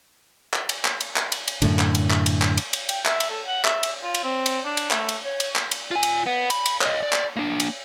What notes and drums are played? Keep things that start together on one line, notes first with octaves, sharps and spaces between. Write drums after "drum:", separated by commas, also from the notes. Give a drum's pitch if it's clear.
drum: clap
drum: cymbal
drum: clap
drum: cymbal
drum: clap
drum: cymbal
drum: cymbal
F#2 A2 D3, drum: cymbal
drum: clap
drum: cymbal
drum: clap
drum: cymbal
drum: clap
drum: cymbal
drum: cymbal
G5, drum: cymbal
E5, drum: clap
drum: cymbal
A4
F#5
E5, drum: clap
drum: cymbal
F4
drum: cymbal
C4
drum: cymbal
D4
drum: cymbal
A3, drum: clap
drum: cymbal
C#5
drum: cymbal
drum: clap
drum: cymbal
F4 G#5
drum: cymbal
B3
B5, drum: cymbal
drum: cymbal
C#5 D#5, drum: clap
D5
drum: clap
A#3 D4
drum: cymbal